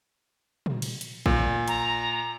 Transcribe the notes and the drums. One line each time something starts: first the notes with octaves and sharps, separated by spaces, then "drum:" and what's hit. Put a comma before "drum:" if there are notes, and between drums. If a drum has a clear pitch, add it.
drum: tom A#2
drum: cymbal
drum: hi-hat
A#2, drum: kick A1
A#5, drum: hi-hat